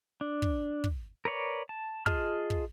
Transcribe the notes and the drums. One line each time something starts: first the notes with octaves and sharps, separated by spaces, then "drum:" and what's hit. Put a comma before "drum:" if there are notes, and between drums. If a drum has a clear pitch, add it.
D4
drum: kick
drum: kick
A#4 B4 C#5 D5
A5
F4 G#4 D#5 A5 F6, drum: kick
drum: kick